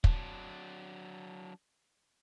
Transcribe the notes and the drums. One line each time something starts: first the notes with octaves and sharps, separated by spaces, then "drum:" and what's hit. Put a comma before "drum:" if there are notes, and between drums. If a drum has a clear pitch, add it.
F#3 D4, drum: kick